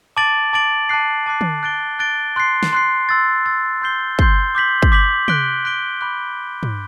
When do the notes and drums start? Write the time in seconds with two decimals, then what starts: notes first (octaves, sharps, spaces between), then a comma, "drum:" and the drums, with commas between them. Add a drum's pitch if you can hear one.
0.17 A5 D6 A6 D7 F#7
0.53 A5 D6 A6 D7 F#7
0.89 A5 D6 F#6 C7
1.26 A5 D6 F#6 C7
1.41 drum: tom
1.63 F#6 A6 D7 G7
1.99 F#6 A6 D7 G7
2.36 C6 F#6 C7
2.63 drum: snare
2.73 C6 F#6 C7
3.09 C6 E6 A6
3.45 C6 E6 A6
3.82 C6 G6 C7 G7
4.19 C6 G6 C7 G7, drum: kick
4.55 D6 G6 B6 F#7
4.82 drum: kick
4.92 D6 G6 B6 F#7
5.28 F#6 B6 D7 G7, drum: tom
5.65 F#6 B6 D7 G7
6.01 B5 D6 F#6
6.63 drum: tom